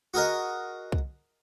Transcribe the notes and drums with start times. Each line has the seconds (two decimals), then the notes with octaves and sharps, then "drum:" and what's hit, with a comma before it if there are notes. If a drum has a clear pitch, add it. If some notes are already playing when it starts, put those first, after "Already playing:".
0.14 F#4 G#4 A#4 D#5
0.92 drum: kick C2